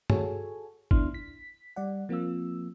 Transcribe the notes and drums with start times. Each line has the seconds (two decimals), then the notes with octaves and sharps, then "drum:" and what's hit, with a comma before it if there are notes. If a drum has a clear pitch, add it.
0.10 F#4 G#4 A4 C#5 G#5, drum: tom G2
0.91 D2 B3 D4 E4 C6 F6, drum: kick G1
1.14 B6
1.76 G3 D5 F#5
2.09 F3 A#3 C4 F4 E6